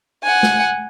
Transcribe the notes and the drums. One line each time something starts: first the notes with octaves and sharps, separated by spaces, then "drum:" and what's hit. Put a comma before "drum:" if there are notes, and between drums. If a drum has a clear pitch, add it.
F#5 G#5
drum: snare